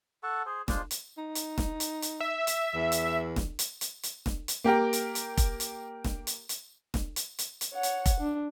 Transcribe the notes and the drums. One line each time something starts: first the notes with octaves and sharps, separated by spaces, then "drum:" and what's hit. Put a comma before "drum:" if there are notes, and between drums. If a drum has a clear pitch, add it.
A4 F#5 A5 C#6
G#4 C5
G#3 D4 F4 C5, drum: snare E1
drum: hi-hat
D#4
drum: hi-hat
drum: snare E1
drum: hi-hat
drum: hi-hat
E5
drum: hi-hat
E2
drum: hi-hat
drum: snare E1
drum: hi-hat
drum: hi-hat
drum: hi-hat
drum: snare E1
drum: hi-hat
A#3 G4 A#4 G5
drum: hi-hat
drum: hi-hat
drum: kick F1, hi-hat
drum: hi-hat
drum: snare E1
drum: hi-hat
drum: hi-hat
drum: snare E1
drum: hi-hat
drum: hi-hat
drum: hi-hat
C#5 F#5
drum: hi-hat
drum: kick F1, hi-hat
D4